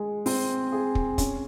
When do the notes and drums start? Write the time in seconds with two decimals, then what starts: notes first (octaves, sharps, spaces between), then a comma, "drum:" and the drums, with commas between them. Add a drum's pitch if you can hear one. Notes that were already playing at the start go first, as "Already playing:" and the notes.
Already playing: G#3
0.26 C4, drum: open hi-hat
0.72 G#4
0.95 drum: kick
1.18 C#4, drum: kick, hi-hat